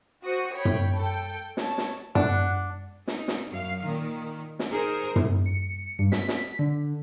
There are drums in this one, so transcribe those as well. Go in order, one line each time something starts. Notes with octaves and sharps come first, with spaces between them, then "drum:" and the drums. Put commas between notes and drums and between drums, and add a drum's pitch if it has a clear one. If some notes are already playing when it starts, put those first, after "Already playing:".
F#4 C5 D#6 C#7
C#5 G5 B5
drum: tom
A4 G5
C#5 A5, drum: snare
drum: snare
D4 F#5, drum: tom
D#4, drum: snare
drum: snare
F#2 F5
A#2 D#3
drum: snare
D#4 G#4 A#4 C5
drum: tom
C#7
G2
B6, drum: snare
drum: snare
D3